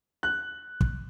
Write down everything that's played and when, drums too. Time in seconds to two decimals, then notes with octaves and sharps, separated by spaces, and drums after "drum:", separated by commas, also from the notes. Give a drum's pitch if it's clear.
0.23 F#6
0.81 drum: kick